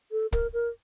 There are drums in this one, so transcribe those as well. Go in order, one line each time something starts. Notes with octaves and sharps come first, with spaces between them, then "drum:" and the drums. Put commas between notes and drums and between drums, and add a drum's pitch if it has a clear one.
A4
A#4, drum: kick
A#4